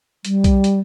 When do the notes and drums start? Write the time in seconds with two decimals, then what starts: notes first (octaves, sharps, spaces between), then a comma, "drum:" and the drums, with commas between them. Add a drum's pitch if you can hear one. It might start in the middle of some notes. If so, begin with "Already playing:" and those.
0.25 G3, drum: hi-hat
0.44 drum: kick B1, hi-hat
0.64 drum: hi-hat